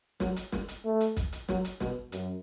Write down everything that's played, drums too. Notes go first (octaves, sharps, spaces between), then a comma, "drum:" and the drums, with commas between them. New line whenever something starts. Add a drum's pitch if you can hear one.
F#3, drum: snare
drum: hi-hat
drum: snare
drum: hi-hat
A3
drum: hi-hat
drum: kick, hi-hat
drum: hi-hat
F#3, drum: snare
drum: hi-hat
B2, drum: snare
F#2, drum: hi-hat